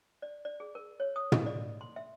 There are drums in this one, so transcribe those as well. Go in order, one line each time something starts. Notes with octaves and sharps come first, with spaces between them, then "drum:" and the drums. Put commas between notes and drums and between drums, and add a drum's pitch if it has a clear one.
D5
D5
G#4
A#4
C#5
D#6
D#5, drum: tom
D5
C6
E5